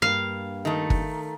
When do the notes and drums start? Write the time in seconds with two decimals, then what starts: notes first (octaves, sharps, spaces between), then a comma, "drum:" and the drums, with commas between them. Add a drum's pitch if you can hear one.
0.02 G2 A#3 F5
0.65 D#3 A3
0.90 drum: kick G1